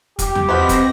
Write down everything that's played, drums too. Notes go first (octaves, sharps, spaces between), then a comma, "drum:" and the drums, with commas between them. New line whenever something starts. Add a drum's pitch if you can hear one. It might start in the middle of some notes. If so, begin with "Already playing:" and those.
G4, drum: kick, hi-hat
drum: tom E2
F3 C4 D#4 F#4 B4 C5 B5 A#6
drum: kick, hi-hat